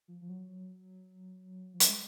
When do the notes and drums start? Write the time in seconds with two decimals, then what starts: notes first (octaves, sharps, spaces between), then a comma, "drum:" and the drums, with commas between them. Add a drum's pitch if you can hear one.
0.08 F3
0.21 F3
0.29 F#3
1.74 F3
1.80 F#3, drum: hi-hat
1.88 G#3